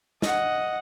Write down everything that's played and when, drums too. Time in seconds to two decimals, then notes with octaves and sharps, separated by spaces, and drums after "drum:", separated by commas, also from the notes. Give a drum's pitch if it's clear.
0.22 D#5 F#5, drum: snare